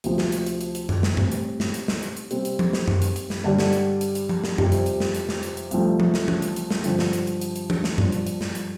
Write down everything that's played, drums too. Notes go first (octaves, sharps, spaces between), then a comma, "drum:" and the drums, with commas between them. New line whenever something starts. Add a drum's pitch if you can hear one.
D2 C3 F3, drum: hi-hat
drum: snare
drum: hi-hat
drum: hi-hat
drum: hi-hat
drum: hi-hat
drum: tom F#2
drum: snare
A2 G3 C4, drum: tom G2
drum: hi-hat
drum: snare
drum: hi-hat
drum: snare
drum: hi-hat
drum: hi-hat
C3 G3 C4, drum: hi-hat
drum: hi-hat
drum: tom F3
drum: snare
drum: tom F#2
drum: hi-hat
drum: hi-hat
drum: snare
G2 D3 G3 D4
drum: snare
drum: hi-hat
drum: hi-hat
drum: hi-hat
drum: tom F3
drum: snare
F2 C3 G3, drum: tom F#2
drum: hi-hat
drum: hi-hat
drum: snare
drum: hi-hat
drum: snare
drum: hi-hat
drum: hi-hat
C2 C3 F3 A3, drum: hi-hat
drum: tom F3
drum: snare
drum: tom E3
drum: hi-hat
drum: hi-hat
drum: snare
G2 D3 F3 D4, drum: hi-hat
drum: snare
drum: hi-hat
drum: hi-hat
drum: hi-hat
drum: hi-hat
drum: tom E3
drum: snare
G2 F3 D4, drum: tom G2
drum: hi-hat
drum: hi-hat
drum: snare
drum: hi-hat